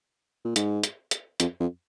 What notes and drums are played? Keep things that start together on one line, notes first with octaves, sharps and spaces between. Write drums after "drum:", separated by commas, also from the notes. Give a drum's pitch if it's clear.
A#2
G#2, drum: hi-hat
drum: hi-hat
drum: hi-hat
F2, drum: hi-hat
F2